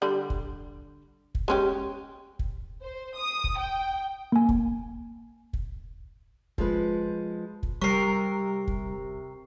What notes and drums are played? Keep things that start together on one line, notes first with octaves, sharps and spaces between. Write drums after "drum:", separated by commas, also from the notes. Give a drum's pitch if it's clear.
D3 G3 B5
drum: kick
drum: kick
G#3 C#4 G4
drum: kick
C5
D#6
drum: kick
G5
A#3 G#5
drum: kick
drum: kick
F3 G#3 B4, drum: kick
drum: kick
C3 G3 A#4 C#6 C7
drum: kick